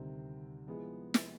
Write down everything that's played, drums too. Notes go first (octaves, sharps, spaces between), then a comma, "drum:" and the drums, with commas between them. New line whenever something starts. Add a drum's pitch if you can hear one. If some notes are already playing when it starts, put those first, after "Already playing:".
Already playing: D2 C3 D#3 G3 C4
F3 G#3 B3 E4 G#4
drum: snare